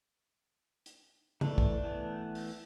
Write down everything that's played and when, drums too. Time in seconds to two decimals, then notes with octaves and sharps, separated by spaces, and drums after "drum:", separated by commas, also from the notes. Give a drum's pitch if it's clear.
0.86 drum: hi-hat
1.41 E3 A3 D4, drum: tom
1.58 drum: kick
1.84 E3 A3 B3
2.35 drum: open hi-hat